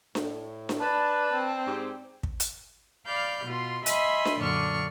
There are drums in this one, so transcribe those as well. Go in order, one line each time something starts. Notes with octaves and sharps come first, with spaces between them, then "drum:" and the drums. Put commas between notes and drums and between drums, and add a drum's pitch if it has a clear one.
A2, drum: snare D4
drum: snare D4
D4 B4 A5
C4
G#2 G4
drum: kick
drum: hi-hat
D5 F5 B5 F6 G6
B2 F4 C6
D#5 E5 G#5 B5 C6, drum: hi-hat
drum: snare D4
F#2 A#2 D3 D4 C#6 F6